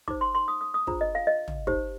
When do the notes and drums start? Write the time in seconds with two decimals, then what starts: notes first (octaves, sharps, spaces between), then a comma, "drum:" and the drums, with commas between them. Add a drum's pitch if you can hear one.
0.08 D#4 G4 C5 D6, drum: kick
0.21 C6
0.35 C6
0.48 D#6
0.61 D#6
0.74 D#6
0.87 D4 F4 G#4 C5 A#5, drum: kick
1.01 D#5
1.15 F5
1.27 D#5
1.48 drum: tom
1.67 D#4 G4 C5, drum: kick